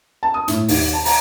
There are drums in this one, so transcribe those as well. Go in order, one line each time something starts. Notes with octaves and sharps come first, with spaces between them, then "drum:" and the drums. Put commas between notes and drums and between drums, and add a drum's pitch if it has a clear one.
A5
D#6
A2, drum: hi-hat
D#2, drum: open hi-hat
A5
A#5, drum: open hi-hat